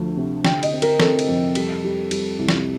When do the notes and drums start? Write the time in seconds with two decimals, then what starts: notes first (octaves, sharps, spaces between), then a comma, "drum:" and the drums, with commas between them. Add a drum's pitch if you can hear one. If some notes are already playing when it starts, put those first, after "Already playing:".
Already playing: D2 F3 A3
0.17 C3
0.45 D3 G5, drum: snare
0.63 D#5, drum: cymbal
0.73 C4
0.82 A#4, drum: cymbal
1.00 C4 A4, drum: snare
1.19 drum: cymbal
1.28 F2
1.55 G3, drum: cymbal
1.84 G3
2.11 G3, drum: cymbal
2.39 C2
2.48 drum: snare